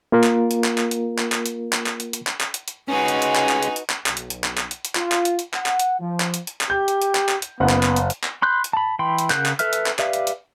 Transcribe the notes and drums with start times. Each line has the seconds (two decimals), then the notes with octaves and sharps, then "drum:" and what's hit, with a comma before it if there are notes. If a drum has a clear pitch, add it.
0.12 A#3 F4 A#4
0.24 drum: clap
0.51 drum: hi-hat
0.64 drum: clap
0.78 drum: clap
0.91 drum: hi-hat
1.18 drum: clap
1.32 drum: clap
1.46 drum: hi-hat
1.73 drum: clap
1.86 drum: clap
2.00 drum: hi-hat
2.13 drum: hi-hat
2.27 drum: clap
2.41 drum: clap
2.54 drum: hi-hat
2.68 drum: hi-hat
2.89 G#3 C#4 D#4 F#4 B4 G#5
3.08 drum: hi-hat
3.22 drum: hi-hat
3.35 drum: clap
3.49 drum: clap
3.63 drum: hi-hat
3.76 drum: hi-hat
3.90 drum: clap
4.06 B1, drum: clap
4.17 drum: hi-hat
4.30 drum: hi-hat
4.44 drum: clap
4.57 drum: clap
4.71 drum: hi-hat
4.85 drum: hi-hat
4.95 F4, drum: clap
5.12 drum: clap
5.25 drum: hi-hat
5.39 drum: hi-hat
5.54 F#5, drum: clap
5.66 drum: clap
5.80 drum: hi-hat
6.00 F3
6.20 drum: clap
6.34 drum: hi-hat
6.47 drum: hi-hat
6.61 drum: clap
6.70 G4 G6
6.88 drum: hi-hat
7.02 drum: hi-hat
7.15 drum: clap
7.29 drum: clap
7.42 drum: hi-hat
7.60 F#1 B3 F#5
7.69 drum: clap
7.83 drum: clap
7.96 drum: hi-hat
8.10 drum: hi-hat
8.24 drum: clap
8.42 B5 C6 F#6 G6
8.64 drum: hi-hat
8.73 A5 B5
8.99 E3 G5 B5 C6
9.18 drum: hi-hat
9.30 C#3 A#4 F#5 F#6 G6, drum: clap
9.46 drum: clap
9.59 A4 B4 E5 F6, drum: hi-hat
9.73 drum: hi-hat
9.86 drum: clap
9.99 G4 B4 D5 E5 F5, drum: clap
10.13 drum: hi-hat
10.27 drum: hi-hat